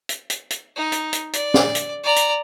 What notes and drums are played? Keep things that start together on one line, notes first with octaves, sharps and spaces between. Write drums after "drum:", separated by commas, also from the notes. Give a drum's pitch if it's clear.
drum: hi-hat
drum: hi-hat
drum: hi-hat
D#4
drum: hi-hat
drum: hi-hat
D5, drum: hi-hat
drum: snare
drum: hi-hat
D5 A#5
drum: hi-hat